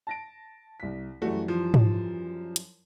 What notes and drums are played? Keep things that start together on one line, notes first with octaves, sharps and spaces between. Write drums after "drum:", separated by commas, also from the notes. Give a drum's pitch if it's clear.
A5 A#6 D7
C2 B6
F#2 E3 G3 A3 F#4
F3
drum: tom G#2
drum: hi-hat